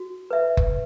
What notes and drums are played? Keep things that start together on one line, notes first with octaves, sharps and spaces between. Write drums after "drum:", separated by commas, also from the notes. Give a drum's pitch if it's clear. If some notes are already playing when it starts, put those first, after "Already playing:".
Already playing: F#4
B4 E5
drum: kick F#1